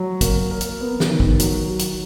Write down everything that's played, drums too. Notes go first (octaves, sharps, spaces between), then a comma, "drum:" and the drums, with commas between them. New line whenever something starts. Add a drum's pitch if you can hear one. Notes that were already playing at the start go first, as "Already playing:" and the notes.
Already playing: F#3
A#3, drum: kick, hi-hat
A#4
drum: hi-hat
B3
drum: snare
D#3
drum: kick
F#3, drum: hi-hat
F#4
drum: hi-hat